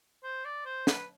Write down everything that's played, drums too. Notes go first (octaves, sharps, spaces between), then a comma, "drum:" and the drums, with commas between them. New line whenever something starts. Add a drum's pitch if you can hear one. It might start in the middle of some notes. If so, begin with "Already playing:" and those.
C5
D5
C5
B4, drum: snare